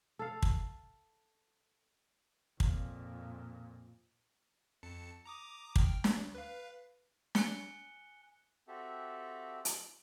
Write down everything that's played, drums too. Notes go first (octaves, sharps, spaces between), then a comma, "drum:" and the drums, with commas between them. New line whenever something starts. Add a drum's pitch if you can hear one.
A4 F5
drum: kick
F2 A#2, drum: kick
F2 A5 C#7
A#5 D6 D#6
G5 F6, drum: kick
D2, drum: snare
B4 F5
G#5 F#6 C#7 G7, drum: snare
C4 F#4 G4 A4 E5
drum: hi-hat